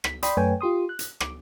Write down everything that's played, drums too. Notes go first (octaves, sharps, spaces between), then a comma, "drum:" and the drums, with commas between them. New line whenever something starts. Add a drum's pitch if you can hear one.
B6, drum: rim click
D5 G5 B5 C6 D#6, drum: hi-hat
F#2 A3 B4 C#5 G5 G#5
F4 G4 C6 D#6
F#6
drum: hi-hat
D6, drum: rim click